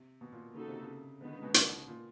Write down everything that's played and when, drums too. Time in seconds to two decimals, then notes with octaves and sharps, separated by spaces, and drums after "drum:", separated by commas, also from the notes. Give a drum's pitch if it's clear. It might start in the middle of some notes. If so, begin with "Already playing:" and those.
Already playing: C3
0.21 B2
0.32 A#2
0.54 C#3 A#3 D#4 F#4 A4
0.68 C3
0.83 C#3
1.21 D3 D#3 G#3 B3 D#4
1.32 C#3
1.43 B2
1.54 drum: hi-hat
1.88 A#2